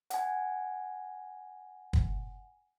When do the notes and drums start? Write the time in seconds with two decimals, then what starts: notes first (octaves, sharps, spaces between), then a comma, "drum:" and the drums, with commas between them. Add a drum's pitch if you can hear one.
0.10 F#5 G#5, drum: hi-hat
1.93 drum: kick